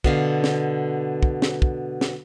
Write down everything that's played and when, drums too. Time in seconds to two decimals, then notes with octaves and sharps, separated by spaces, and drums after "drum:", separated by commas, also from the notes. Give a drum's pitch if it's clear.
0.04 B2 D3 F5, drum: kick
0.44 drum: snare
1.23 drum: kick
1.42 drum: snare
1.62 drum: kick
2.01 drum: snare